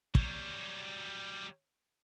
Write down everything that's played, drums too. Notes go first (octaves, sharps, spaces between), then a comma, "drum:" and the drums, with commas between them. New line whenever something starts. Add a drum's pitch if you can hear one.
F#3 G3, drum: kick